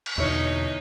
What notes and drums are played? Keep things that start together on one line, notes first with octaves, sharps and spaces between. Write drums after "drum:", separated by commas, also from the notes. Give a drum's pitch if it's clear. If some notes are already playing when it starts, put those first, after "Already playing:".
drum: cymbal
E2 B2 D3 D#4 E4 C#5